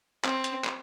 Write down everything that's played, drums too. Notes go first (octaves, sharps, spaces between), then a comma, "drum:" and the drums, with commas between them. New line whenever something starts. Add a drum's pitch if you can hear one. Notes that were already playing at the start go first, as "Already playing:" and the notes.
C4, drum: clap
drum: hi-hat
drum: clap